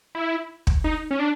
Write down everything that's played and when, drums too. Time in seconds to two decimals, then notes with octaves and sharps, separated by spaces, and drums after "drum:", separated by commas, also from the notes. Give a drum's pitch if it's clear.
0.15 E4
0.67 drum: kick
0.84 D#4
1.11 C#4
1.19 D4